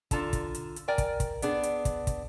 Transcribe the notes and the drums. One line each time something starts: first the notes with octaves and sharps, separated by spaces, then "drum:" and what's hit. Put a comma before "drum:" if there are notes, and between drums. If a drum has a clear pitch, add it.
D3 F4 A4 A5 A#5, drum: kick, hi-hat
drum: kick, hi-hat
drum: hi-hat
drum: hi-hat
A#4 D5 G5 G#5
drum: kick, hi-hat
drum: kick, hi-hat
B3 D4 G#4, drum: hi-hat
drum: hi-hat
drum: kick, hi-hat
drum: kick, hi-hat